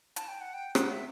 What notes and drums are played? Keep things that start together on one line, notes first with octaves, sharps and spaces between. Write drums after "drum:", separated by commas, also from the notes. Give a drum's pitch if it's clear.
A5, drum: hi-hat
G5
F#5
G5
F#5, drum: rim click
E5